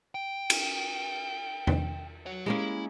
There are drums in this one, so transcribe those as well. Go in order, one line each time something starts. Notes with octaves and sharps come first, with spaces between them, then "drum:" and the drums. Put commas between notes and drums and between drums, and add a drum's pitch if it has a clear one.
G5
drum: cymbal
drum: tom E2
F#4 C#5
G#3 A#3 C#4 E4